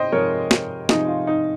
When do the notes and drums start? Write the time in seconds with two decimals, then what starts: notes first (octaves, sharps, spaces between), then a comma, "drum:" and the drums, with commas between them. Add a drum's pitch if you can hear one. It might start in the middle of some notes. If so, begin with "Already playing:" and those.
Already playing: C3 C5 D#5 G5
0.12 C3 F3 G#3 A#4 C#5
0.51 drum: snare
0.89 C3 F3 G#3 D#4, drum: snare
1.08 F4
1.27 D#4